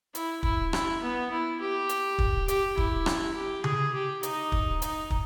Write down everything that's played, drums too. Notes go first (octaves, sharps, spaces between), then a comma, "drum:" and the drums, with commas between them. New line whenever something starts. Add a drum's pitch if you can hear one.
E4, drum: hi-hat
E4, drum: kick
E4, drum: rim click
B3
E4
G4
drum: hi-hat
drum: kick
G4, drum: hi-hat
E4, drum: kick
drum: rim click
G4
G#4, drum: tom C#3
G4
D#4, drum: hi-hat
drum: kick
D#4, drum: hi-hat
drum: kick